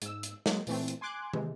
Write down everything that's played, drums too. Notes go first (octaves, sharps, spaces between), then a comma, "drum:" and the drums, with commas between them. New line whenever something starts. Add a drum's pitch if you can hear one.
G#2 E6, drum: hi-hat
drum: hi-hat
F#3 G#3 A#3, drum: snare
A#2 E3 A3 C4, drum: open hi-hat
drum: hi-hat
G#5 C6 D6 F#6 G#6
C3 E3 G#3, drum: tom